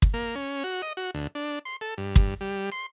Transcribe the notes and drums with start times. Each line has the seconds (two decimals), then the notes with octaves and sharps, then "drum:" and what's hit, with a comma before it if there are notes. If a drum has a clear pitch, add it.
0.02 drum: kick
0.14 A#3
0.35 C#4
0.64 F#4
0.82 D#5
0.97 F#4
1.14 D2
1.35 D4
1.65 C6
1.81 A4
1.98 G2
2.16 drum: kick
2.41 G3
2.72 C6